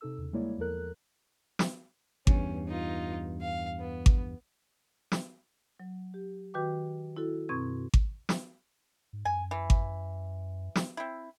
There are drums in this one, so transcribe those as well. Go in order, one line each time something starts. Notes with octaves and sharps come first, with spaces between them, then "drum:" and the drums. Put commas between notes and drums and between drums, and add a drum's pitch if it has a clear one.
C3 D#4 A4 E6
E2 C#3
G3 G#3 A#3 E4 C#5 D5
E2 F3 A4 A#4 F#6
drum: snare
E2 G2 C#4, drum: kick G#1
D#4 F4
F5
B3
drum: kick G#1
drum: snare
F#3
G4
D#3 F#4 B4 G5 D6
E4 F#4 A4
F#2 B2 C4 C#6 G#6
drum: kick G#1
drum: snare
G#2
F#2 G#5
E3
drum: kick G#1
drum: snare
C4 E4